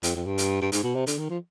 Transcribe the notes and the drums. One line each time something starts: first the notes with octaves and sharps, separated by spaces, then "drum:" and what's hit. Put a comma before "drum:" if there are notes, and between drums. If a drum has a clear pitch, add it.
F2, drum: hi-hat
F2
G2
drum: hi-hat
G2
G#2, drum: hi-hat
B2
C3
D3, drum: hi-hat
D#3
F3